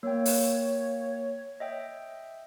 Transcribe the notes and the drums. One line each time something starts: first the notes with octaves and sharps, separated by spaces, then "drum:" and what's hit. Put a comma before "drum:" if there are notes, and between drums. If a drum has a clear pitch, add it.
A#3 C#5 G5
drum: open hi-hat
D#5 E5 G5